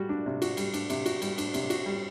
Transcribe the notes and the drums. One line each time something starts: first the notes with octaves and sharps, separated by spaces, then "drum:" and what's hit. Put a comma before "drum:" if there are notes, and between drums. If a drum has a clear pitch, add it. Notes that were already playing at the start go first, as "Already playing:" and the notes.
Already playing: G3 F#4
D4
C3
F#4, drum: cymbal
G3, drum: cymbal
D4, drum: cymbal
C3, drum: cymbal
F#4, drum: cymbal
G3, drum: cymbal
D4, drum: cymbal
C3, drum: cymbal
F#4, drum: cymbal
G3